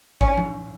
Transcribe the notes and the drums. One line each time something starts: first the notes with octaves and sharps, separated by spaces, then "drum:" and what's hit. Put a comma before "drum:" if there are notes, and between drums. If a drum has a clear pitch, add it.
C#4, drum: kick G#1
drum: tom F3